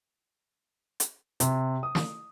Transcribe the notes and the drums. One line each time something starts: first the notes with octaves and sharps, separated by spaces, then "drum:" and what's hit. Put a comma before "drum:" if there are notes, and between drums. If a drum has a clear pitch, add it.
drum: hi-hat
C3, drum: hi-hat
D#6
drum: snare